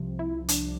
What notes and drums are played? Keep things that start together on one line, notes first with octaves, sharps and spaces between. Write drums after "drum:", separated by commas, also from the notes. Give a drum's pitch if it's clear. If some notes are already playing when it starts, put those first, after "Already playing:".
Already playing: C2 C3 F3
E4
D4, drum: hi-hat